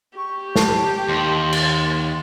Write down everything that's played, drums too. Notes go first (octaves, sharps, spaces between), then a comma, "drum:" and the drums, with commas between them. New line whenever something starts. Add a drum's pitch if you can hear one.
G4 C#6
A5, drum: snare
D#2 C6
drum: cymbal